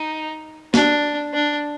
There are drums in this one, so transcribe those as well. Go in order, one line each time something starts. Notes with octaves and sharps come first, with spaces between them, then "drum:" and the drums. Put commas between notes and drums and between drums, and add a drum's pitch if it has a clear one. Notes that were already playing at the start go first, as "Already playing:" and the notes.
Already playing: D#4
D4, drum: snare
D4